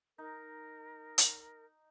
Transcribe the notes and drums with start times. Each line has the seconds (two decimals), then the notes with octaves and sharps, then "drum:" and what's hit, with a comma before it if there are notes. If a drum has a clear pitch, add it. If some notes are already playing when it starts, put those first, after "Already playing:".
0.18 D#4 A#4
1.18 drum: hi-hat